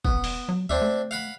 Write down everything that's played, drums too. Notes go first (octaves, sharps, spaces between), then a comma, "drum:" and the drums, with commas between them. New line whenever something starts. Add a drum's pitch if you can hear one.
E1 B3, drum: kick
drum: open hi-hat
F#3
D#2 C4 D4 E5
A3
F5 F#5 B5